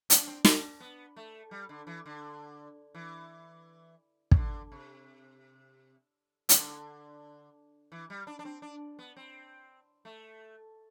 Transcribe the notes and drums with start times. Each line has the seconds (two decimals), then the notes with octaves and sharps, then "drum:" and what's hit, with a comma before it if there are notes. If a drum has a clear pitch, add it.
0.10 D4, drum: hi-hat
0.27 C4
0.45 D4, drum: snare
0.80 B3
1.16 A3
1.51 G3
1.69 D3
1.87 E3
2.06 D3
2.95 E3
4.31 C3, drum: kick
4.36 D3
4.72 C3
6.49 D3, drum: hi-hat
7.92 E3
8.10 G3
8.27 D4
8.39 D4
8.45 C4
8.62 D4
8.99 B3
9.16 C4
10.05 A3